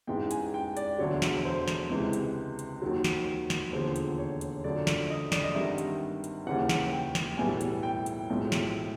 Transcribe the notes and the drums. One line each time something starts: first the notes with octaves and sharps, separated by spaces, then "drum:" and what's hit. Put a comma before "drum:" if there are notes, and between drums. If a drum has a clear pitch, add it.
A1 G#2 E3 G#3 G5
G#5, drum: hi-hat
G5
D5, drum: hi-hat
E1 D2 D3 F#3 C#5
drum: snare
C5
drum: snare
C#2 C3 E3 G#3
drum: hi-hat
drum: hi-hat
D#2 D#3 F#3
drum: snare
drum: snare
E1 D#2 D3 F3 C5
drum: hi-hat
C#5
drum: hi-hat
F#2 D3 F3 A3 D5
drum: snare
D#5
D5, drum: snare
D#5
G#1 G2 D#3 G3 E5
drum: hi-hat
drum: hi-hat
D#2 C#3 E3 F#5
drum: snare
G5
drum: snare
B1 A2 E3 G3 G#5
drum: hi-hat
G5
drum: hi-hat
B1 A2 F3 G#3
drum: snare